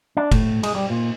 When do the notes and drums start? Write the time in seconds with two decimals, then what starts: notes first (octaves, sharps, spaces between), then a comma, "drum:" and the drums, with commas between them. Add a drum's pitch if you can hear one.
0.17 D4
0.32 A2, drum: kick F#1, cymbal
0.63 G#3, drum: cymbal
0.75 G3
0.90 A#2